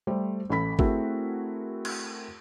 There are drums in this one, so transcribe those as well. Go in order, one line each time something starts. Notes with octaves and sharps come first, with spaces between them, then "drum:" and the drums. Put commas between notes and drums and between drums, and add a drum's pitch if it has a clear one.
G3 A3 C5
A1 A4 B5 B6
A3 C4 E4 F#4 G#4 A#4, drum: kick G#1
drum: cymbal